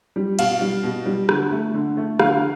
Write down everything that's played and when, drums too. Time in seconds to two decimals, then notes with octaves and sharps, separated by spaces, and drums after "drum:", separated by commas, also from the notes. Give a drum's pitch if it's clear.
0.16 G3
0.39 B2 F5, drum: cymbal
0.61 G3
0.83 B2
1.06 G3
1.29 D3, drum: rim click
1.51 A3
1.74 D3
1.97 A3
2.20 D3 F5, drum: rim click